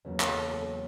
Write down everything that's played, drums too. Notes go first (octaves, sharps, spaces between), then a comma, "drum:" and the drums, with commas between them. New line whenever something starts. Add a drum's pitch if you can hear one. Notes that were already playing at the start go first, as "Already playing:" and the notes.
E2 C#3 F#3 A#3
A#4, drum: clap
A4
A4